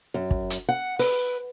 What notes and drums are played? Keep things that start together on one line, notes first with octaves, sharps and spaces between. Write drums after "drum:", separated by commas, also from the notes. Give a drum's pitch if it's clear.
F#2
drum: kick
drum: hi-hat
F#5
B4, drum: open hi-hat